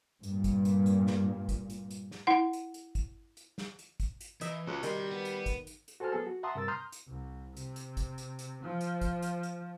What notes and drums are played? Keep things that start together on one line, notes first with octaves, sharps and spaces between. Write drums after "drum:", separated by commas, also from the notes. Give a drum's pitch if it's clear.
G2 A#2, drum: hi-hat
drum: kick G#1, hi-hat
drum: hi-hat
drum: hi-hat
drum: snare
drum: kick G#1, hi-hat
drum: hi-hat
drum: hi-hat
drum: snare
E4 F#5
drum: hi-hat
drum: hi-hat
drum: kick G#1, hi-hat
drum: hi-hat
drum: snare
drum: hi-hat
drum: kick G#1, hi-hat
drum: hi-hat
E3 D#4 E5, drum: hi-hat
C#2 C#4 F#4
D#3 G3 G4 C6, drum: hi-hat
B3
drum: hi-hat
drum: kick G#1, hi-hat
drum: hi-hat
drum: hi-hat
F#4 A4 C5 G#5 A5 F6
F#3 B3 G#4 A4
F#4
E5 F#5 A5 A#5 C6 D#6
G2 C3 A#4 E6 A6
A#5 C6 D#6 F6 G6
drum: hi-hat
C2
C3, drum: hi-hat
drum: hi-hat
drum: kick G#1, hi-hat
drum: hi-hat
drum: hi-hat
F3
drum: hi-hat
drum: kick G#1, hi-hat
drum: hi-hat
drum: hi-hat